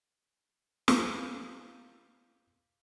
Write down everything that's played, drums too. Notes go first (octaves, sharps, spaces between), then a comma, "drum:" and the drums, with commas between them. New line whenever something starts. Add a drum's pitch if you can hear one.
G3 A#3 B4 C5, drum: snare